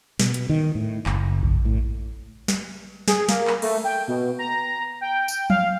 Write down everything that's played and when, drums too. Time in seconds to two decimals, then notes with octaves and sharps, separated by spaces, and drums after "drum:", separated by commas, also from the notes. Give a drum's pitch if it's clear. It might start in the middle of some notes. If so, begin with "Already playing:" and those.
0.19 B2, drum: snare
0.34 drum: hi-hat
0.49 D#3
0.75 A2
1.06 F#1, drum: clap
1.43 drum: kick A#1
1.65 A2
2.48 drum: snare
3.08 G#4, drum: snare
3.29 A#3, drum: snare
3.47 drum: clap
3.62 A3, drum: cymbal
3.84 G5
4.08 B2
4.39 A#5
5.01 G5
5.28 drum: tambourine
5.50 F5, drum: tom F3